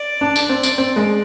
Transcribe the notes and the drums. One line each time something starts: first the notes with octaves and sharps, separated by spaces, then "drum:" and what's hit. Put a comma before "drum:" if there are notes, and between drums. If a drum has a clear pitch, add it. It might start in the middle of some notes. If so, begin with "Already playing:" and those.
Already playing: D5
D4
drum: tambourine
C4
drum: tambourine
C4
G#3